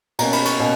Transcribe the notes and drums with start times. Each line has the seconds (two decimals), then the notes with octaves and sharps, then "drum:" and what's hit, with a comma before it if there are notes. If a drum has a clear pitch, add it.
0.19 B2 A#3 C#4 A#5, drum: cymbal
0.32 B5, drum: cymbal
0.45 C#6, drum: cymbal
0.60 B2 A#3 C#4